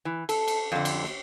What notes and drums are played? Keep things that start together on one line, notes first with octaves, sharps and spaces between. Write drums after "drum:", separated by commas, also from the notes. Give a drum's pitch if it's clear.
E3
A4, drum: cymbal
drum: cymbal
F2 D3
drum: cymbal
drum: snare